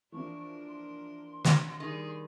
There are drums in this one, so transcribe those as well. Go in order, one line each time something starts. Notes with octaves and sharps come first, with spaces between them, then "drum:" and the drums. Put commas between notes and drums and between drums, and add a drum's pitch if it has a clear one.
E3 F3 A#3 D4 A#4 C#6
C6
drum: snare
D#3 G3 D#4 G#4